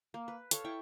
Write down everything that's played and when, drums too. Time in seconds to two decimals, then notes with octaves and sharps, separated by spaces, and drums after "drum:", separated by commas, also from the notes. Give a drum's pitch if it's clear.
0.14 A#3
0.28 B4
0.51 A4 C#5 F5 A5, drum: hi-hat
0.64 E4 G5 C#6